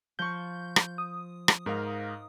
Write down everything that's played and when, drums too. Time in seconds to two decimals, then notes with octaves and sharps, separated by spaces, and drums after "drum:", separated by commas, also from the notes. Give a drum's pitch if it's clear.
0.19 F3 C#6 G6
0.76 drum: rim click
0.98 D#6
1.48 drum: rim click
1.66 G#2 D#4 A#4 F5